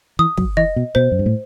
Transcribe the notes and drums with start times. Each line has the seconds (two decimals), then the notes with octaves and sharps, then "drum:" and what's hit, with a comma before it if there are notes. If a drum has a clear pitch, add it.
0.19 E3 D#6
0.37 F#3, drum: kick
0.57 E3 D#5
0.76 B2
0.95 B2 C5
1.12 F#2
1.19 G2
1.26 A2